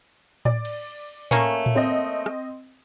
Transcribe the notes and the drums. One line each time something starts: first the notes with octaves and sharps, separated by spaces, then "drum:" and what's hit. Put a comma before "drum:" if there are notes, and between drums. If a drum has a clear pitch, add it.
D5, drum: tom A2
drum: cymbal
A3 A#3 C#4, drum: tom A2
drum: tom A2
C4 D#5
drum: rim click